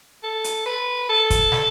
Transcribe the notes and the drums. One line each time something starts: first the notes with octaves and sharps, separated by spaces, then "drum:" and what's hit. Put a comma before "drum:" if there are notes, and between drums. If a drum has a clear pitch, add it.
A4
drum: hi-hat
B4
A4
drum: kick, hi-hat
drum: snare